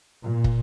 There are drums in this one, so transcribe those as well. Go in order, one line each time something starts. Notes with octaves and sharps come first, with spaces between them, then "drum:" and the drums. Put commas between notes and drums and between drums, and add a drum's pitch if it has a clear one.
A#2
drum: kick